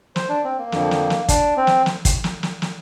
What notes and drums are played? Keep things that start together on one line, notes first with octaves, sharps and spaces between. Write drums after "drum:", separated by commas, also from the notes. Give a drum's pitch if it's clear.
C5, drum: snare
D4
C4
A#3
F2 D3 F3, drum: snare
drum: snare
drum: snare
D4, drum: kick, hi-hat
C4
drum: snare
drum: snare
drum: kick, hi-hat
drum: snare
drum: snare
drum: snare